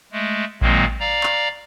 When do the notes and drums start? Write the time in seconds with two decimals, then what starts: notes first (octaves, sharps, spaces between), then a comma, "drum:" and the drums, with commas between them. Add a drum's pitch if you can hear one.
0.12 G#3 A3
0.62 A#2 D#3 F#3 G#3 A#3 C4, drum: kick A1
1.00 D5 F5 A#5
1.23 drum: clap